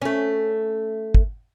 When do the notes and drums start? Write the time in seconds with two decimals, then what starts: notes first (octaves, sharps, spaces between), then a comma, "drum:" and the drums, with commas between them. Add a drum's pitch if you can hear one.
0.02 A3 C#4
1.15 drum: kick